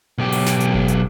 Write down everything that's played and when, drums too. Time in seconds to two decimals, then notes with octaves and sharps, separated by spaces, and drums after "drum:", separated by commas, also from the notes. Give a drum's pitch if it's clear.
0.18 B1 G4
0.32 drum: open hi-hat
0.46 drum: snare
0.60 drum: hi-hat
0.74 drum: kick F#1
0.88 drum: hi-hat